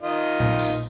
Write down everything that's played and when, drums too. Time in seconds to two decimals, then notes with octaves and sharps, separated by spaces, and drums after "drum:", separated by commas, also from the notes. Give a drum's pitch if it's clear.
0.02 D#3 F4 D#5
0.40 drum: tom A#2
0.59 drum: tambourine